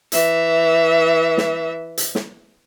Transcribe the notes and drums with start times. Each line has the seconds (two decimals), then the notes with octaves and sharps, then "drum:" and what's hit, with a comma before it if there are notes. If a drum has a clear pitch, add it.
0.12 E3 E5, drum: hi-hat
1.38 drum: snare
1.97 drum: hi-hat
2.15 drum: snare